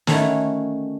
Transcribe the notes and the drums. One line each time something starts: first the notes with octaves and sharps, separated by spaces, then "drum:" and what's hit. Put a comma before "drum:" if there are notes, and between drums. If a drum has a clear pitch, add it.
D3 D#3 A3 C#4 E4 F#4, drum: snare